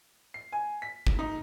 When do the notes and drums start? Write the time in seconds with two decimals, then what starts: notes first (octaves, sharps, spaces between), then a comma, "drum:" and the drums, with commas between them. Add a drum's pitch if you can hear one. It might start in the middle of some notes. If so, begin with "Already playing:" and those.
0.34 C7
0.52 G#5
0.82 B6
1.07 drum: kick
1.19 D#4